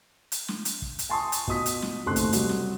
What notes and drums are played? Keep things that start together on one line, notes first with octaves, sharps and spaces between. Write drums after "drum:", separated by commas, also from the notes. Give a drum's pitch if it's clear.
drum: hi-hat
drum: snare
drum: hi-hat
drum: kick
drum: hi-hat
G#5 A5 C6 C#6 D#6
drum: hi-hat
B2 F4 D#6 B6, drum: kick
drum: hi-hat
drum: snare
F#1 D#2 A3 C4 C6 F#6
drum: kick, hi-hat
C3 F#3 G3, drum: hi-hat
drum: snare